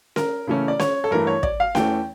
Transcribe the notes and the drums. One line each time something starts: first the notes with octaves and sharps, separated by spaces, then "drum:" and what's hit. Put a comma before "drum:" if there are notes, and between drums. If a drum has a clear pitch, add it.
A#4, drum: snare C#4
C#3 E3 A3 C#4
D5
C#5, drum: snare C#4
A4
G2 E3 A3 A#4
C#5
D5, drum: kick
F5
E2 E3 A3 C#4 G5, drum: snare C#4